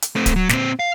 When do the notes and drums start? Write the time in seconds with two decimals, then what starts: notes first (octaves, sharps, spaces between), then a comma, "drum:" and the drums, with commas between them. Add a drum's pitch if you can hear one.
0.02 drum: hi-hat
0.16 A3 C4
0.26 drum: kick D1, hi-hat
0.36 F#3
0.49 A#2 C4, drum: snare
0.79 F5